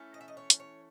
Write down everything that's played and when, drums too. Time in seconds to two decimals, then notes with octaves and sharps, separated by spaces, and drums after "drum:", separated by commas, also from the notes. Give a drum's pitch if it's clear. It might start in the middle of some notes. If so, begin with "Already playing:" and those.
Already playing: E3 A3 C#4
0.14 D#5
0.21 E5
0.28 D#5
0.37 C#5
0.50 drum: hi-hat
0.60 C#5